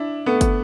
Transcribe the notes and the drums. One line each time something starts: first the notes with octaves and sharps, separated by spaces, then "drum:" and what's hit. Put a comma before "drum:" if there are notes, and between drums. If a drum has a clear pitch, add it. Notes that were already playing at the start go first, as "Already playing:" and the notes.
Already playing: D4 E4
A3 B3
drum: kick, hi-hat